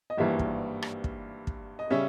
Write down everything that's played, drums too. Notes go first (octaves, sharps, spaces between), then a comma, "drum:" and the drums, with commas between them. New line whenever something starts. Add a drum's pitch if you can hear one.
D#5
G#1 G2 E3 G3 A#3 E5
drum: kick
drum: rim click
drum: kick
drum: kick
D#5
C#3 G3 C#4 E5